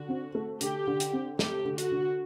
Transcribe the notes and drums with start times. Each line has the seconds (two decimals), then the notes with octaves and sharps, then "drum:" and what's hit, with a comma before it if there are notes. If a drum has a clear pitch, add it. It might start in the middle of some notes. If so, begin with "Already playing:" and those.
Already playing: D3 F#4
0.09 C4
0.35 A3
0.61 D3 G4, drum: hi-hat
0.87 D3
1.00 drum: hi-hat
1.13 C4
1.39 A3 G4, drum: snare
1.65 D3
1.78 F#4, drum: hi-hat
1.92 D3